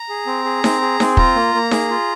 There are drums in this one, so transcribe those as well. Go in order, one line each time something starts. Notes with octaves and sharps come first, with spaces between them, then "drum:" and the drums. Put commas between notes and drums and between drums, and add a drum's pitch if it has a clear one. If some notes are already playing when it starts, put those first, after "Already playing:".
Already playing: A#5
G#4
C4
G#4
C4, drum: snare D#4
G#4
C4, drum: snare D#4
F4 A#5, drum: kick
A#3
A#3
G#4, drum: snare D#4
F4